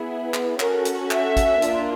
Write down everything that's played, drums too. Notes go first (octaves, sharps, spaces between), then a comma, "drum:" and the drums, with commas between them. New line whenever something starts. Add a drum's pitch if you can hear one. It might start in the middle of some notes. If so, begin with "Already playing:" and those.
Already playing: B3 E4 G#4
drum: clap
C#4 F#4 A4 A#4, drum: clap
drum: hi-hat
E5, drum: clap
drum: kick, hi-hat
A#3 D4 F4, drum: hi-hat